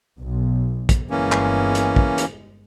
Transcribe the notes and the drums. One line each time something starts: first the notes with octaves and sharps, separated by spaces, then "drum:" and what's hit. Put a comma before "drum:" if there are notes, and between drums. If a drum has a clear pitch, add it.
B1
drum: kick, hi-hat
G1 E3 G#3 A#3 C#4
drum: clap
drum: hi-hat
drum: kick
drum: hi-hat